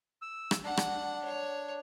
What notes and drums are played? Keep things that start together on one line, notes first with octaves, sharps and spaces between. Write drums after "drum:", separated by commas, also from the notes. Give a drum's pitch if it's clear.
E6
drum: rim click
D4 F#5
drum: rim click
C#5